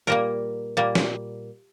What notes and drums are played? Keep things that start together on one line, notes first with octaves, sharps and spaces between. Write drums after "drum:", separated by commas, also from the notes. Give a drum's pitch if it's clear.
A#2 G3 A#3 A#4
A#2 G3 A#3
drum: snare